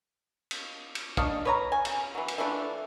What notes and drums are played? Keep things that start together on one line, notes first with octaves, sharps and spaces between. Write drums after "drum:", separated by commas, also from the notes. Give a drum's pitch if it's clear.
drum: cymbal
drum: cymbal
D4 C#5 D#5 F5, drum: kick
B4 C#5 A#5
G#5
C#3, drum: cymbal
E3 F#3
drum: cymbal
E3 F3 A3 D4